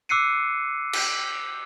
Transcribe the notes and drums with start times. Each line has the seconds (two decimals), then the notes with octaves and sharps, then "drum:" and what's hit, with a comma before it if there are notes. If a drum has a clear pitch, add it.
0.09 D6 E6 F#6 C7 C#7 D#7
0.93 drum: cymbal